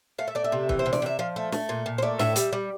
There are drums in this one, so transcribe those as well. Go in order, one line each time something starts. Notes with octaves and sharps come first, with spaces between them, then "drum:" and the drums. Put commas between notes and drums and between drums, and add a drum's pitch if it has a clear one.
A3 F5
E5
A3 D5
E5
C3
E3, drum: kick
C5
C3
D5, drum: snare
C3 E5
F3 F5
A3
A3, drum: snare
A#2
A#2
C5
A3 D5
A2 E5, drum: snare
G3, drum: hi-hat
G3